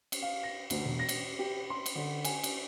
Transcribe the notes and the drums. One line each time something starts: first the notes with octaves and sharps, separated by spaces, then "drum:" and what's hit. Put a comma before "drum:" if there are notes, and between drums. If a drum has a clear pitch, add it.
drum: cymbal
F5
A#6
D2, drum: cymbal
E1
A#6
drum: cymbal
G4
C6
drum: cymbal
D3
G#5, drum: cymbal
drum: cymbal